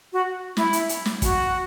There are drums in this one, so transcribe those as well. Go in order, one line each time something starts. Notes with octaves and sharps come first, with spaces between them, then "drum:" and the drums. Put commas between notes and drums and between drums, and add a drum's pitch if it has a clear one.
F#4
E4, drum: snare
drum: hi-hat
drum: hi-hat
drum: snare
F#4, drum: kick, hi-hat